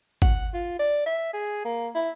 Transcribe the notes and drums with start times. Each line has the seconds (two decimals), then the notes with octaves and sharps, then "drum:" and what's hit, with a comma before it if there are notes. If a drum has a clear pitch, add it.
0.22 F#5, drum: kick G#1
0.54 F4
0.79 D5
1.06 E5
1.33 G#4
1.65 A#3
1.95 E4